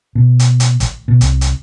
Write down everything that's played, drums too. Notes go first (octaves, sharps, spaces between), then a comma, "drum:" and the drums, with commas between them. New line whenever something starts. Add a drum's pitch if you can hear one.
B2
drum: hi-hat
drum: hi-hat
drum: kick, hi-hat
B2
C2, drum: hi-hat
drum: hi-hat